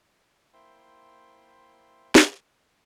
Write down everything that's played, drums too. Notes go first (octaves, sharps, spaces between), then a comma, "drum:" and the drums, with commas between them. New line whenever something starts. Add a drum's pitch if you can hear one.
A#3 E4 C5 E5 G5 C6
drum: snare